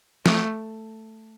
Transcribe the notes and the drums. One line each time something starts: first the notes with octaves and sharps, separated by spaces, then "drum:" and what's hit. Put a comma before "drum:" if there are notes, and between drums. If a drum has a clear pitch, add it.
A3, drum: snare